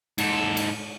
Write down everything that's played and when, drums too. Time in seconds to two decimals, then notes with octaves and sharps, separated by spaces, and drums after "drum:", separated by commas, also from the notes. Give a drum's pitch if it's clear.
0.18 G#2 A4, drum: cymbal
0.57 drum: cymbal